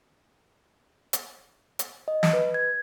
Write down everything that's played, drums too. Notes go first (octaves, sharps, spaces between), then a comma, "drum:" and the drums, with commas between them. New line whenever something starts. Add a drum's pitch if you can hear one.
drum: hi-hat
drum: hi-hat
D#5
drum: snare
B4
G#6